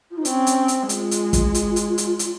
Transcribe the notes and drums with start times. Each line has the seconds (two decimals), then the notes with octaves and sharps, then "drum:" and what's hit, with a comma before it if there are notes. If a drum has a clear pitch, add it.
0.11 F4
0.18 D#4
0.25 C4 C#4, drum: hi-hat
0.47 drum: hi-hat
0.68 drum: hi-hat
0.89 G#3 F4, drum: hi-hat
1.11 drum: hi-hat
1.33 drum: kick, hi-hat
1.55 drum: hi-hat
1.76 drum: hi-hat
1.98 drum: hi-hat
2.19 drum: hi-hat